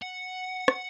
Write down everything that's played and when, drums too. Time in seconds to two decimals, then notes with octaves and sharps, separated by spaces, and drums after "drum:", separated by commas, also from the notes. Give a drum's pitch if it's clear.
0.02 F#5
0.68 drum: rim click